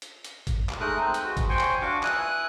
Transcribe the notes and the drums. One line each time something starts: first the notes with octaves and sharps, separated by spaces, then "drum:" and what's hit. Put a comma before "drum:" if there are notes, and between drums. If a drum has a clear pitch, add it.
drum: hi-hat
drum: hi-hat
drum: kick G1, hi-hat
drum: clap
G#3 A3 D#4 A#4 D#6 F#6
C4 C5
drum: hi-hat
G#3 F#4 B4
drum: kick G1, hi-hat
C5 G5 G#5 C6 C#6
drum: clap
D4 F#4 F5 C#6 D6
E4 B4 G#5 D#6 F#6, drum: clap